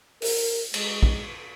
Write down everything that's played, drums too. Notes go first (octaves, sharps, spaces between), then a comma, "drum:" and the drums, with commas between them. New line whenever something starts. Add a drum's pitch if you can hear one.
A#4, drum: open hi-hat
G#3, drum: cymbal
drum: kick